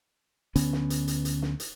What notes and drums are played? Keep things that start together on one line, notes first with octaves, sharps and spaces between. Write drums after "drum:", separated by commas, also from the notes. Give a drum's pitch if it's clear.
D2 D3 B3 C#4, drum: hi-hat
drum: snare
drum: hi-hat
drum: hi-hat
drum: hi-hat
drum: snare
drum: hi-hat